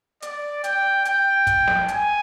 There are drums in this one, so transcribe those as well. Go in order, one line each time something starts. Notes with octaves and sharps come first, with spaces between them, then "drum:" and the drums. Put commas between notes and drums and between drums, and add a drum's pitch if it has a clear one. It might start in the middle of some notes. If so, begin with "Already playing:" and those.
D5, drum: hi-hat
G5, drum: hi-hat
G5, drum: hi-hat
drum: kick, hi-hat
drum: snare
G#5, drum: hi-hat